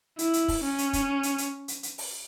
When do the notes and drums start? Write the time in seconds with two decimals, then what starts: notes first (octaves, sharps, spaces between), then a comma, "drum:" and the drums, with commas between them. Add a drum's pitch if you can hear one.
0.19 E4, drum: hi-hat
0.33 drum: hi-hat
0.48 drum: kick, open hi-hat
0.64 C#4
0.78 drum: hi-hat
0.93 drum: kick, hi-hat
1.23 drum: hi-hat
1.38 drum: hi-hat
1.68 drum: hi-hat
1.83 drum: hi-hat
1.98 drum: open hi-hat